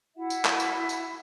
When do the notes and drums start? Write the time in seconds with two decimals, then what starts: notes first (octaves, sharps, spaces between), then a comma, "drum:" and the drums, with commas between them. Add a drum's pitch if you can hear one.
0.16 E4 F#4 E5 F#5
0.30 drum: tambourine
0.45 drum: clap
0.60 drum: tambourine
0.89 drum: tambourine